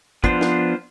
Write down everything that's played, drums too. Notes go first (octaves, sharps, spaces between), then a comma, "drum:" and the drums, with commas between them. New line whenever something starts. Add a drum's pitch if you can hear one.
F3 B3 D4 F4 C5, drum: kick, hi-hat
drum: snare